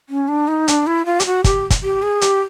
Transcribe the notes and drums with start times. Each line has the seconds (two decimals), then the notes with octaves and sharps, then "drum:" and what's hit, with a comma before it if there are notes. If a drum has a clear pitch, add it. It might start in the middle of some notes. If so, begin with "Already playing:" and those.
0.09 C#4
0.28 D4
0.48 D#4
0.68 D4, drum: hi-hat
0.87 E4
1.06 F4
1.20 G4, drum: hi-hat
1.26 F#4
1.44 G4, drum: kick, hi-hat
1.70 drum: kick, hi-hat
1.83 G4
2.02 G#4
2.21 G4, drum: hi-hat